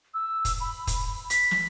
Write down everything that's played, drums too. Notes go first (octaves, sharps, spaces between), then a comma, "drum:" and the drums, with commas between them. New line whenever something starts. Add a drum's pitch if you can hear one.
E6
drum: kick, hi-hat
B5
drum: kick, hi-hat
B6, drum: hi-hat
drum: snare